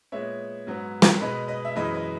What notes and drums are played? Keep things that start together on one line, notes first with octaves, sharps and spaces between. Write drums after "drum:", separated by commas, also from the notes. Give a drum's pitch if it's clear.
A#2 G#3 B3 C#5 E5
G#2 F#3 B3
drum: snare
B2 G#3 B3 B4 D#5
B4 D#5
E5
F#2 E3 G#3 B3 B4 D#5
B4 D#5